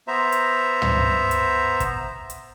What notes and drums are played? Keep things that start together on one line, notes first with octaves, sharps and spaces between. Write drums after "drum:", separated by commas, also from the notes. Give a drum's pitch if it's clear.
B3 C5 E5 A#5
drum: hi-hat
drum: tom
drum: hi-hat
drum: kick, hi-hat
drum: hi-hat